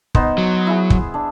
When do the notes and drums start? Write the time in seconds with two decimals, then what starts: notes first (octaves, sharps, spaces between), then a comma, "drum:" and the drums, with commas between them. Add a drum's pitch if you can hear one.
0.15 B3 D#4 C5, drum: kick
0.38 F#3
0.67 E4 G#4
0.90 drum: kick
1.14 D4